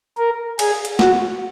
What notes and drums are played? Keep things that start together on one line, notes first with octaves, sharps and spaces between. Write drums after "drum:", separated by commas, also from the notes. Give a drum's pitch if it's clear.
A#4
G#4, drum: cymbal
drum: hi-hat
F#4, drum: snare